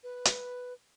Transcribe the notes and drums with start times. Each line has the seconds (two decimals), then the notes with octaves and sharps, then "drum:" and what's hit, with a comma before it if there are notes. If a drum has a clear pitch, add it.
0.03 B4
0.25 drum: hi-hat